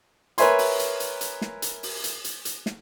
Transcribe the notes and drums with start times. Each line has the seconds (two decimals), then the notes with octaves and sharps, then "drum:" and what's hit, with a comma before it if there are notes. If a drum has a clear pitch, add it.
0.38 A#4 B4 C#5 E5 G#5 C6, drum: hi-hat
0.59 drum: open hi-hat
0.79 drum: hi-hat
1.00 drum: hi-hat
1.21 drum: hi-hat
1.41 drum: snare
1.62 drum: hi-hat
1.83 drum: open hi-hat
2.04 drum: hi-hat
2.24 drum: hi-hat
2.45 drum: hi-hat
2.66 drum: snare